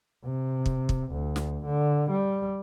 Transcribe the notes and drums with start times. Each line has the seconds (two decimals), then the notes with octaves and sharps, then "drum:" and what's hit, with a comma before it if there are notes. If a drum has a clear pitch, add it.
0.25 C3
0.66 drum: kick
0.89 drum: kick
1.12 D2
1.36 drum: snare
1.66 D3
2.11 G3